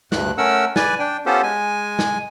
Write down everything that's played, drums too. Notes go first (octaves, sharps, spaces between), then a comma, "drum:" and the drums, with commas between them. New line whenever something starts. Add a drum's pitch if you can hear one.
D2 G2 F#6, drum: snare
A3 C#4 A#4 F#5 E6
B4 D5 G#5, drum: snare
D4 G5
B3 C#4 F4 G4 A4 C5
G#3 G#5
drum: snare